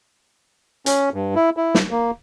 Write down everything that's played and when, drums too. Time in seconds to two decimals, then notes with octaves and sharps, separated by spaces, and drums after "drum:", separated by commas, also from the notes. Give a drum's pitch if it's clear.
0.86 C#4, drum: hi-hat
1.14 G2
1.35 E4
1.57 E4
1.75 drum: snare
1.91 A#3